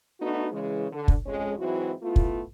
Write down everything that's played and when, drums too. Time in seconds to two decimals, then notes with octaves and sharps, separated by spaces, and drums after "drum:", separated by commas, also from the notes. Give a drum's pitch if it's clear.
0.20 A3 B3 D4 D#4 F#4
0.51 C#3 E3 G#3
0.92 D3
1.08 drum: kick
1.26 F2 G#3 C#4
1.58 G#2 E3 F#3 C4 E4 F#4
2.02 A3 B3 E4 F4
2.16 drum: kick